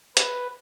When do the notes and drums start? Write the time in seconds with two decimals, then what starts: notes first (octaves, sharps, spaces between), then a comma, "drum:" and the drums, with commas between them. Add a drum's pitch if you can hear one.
0.17 B4, drum: hi-hat